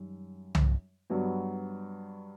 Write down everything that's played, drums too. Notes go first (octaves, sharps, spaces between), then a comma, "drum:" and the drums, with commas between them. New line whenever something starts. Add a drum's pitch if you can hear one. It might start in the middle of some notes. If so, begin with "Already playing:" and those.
Already playing: F#2 D#3 G3
drum: tom C2
G2 F#3 B3 F#4